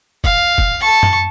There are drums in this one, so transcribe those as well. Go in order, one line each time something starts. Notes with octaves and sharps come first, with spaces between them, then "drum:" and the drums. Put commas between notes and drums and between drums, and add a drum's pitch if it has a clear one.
F5, drum: kick
drum: kick
A5 C#6
drum: tom F#2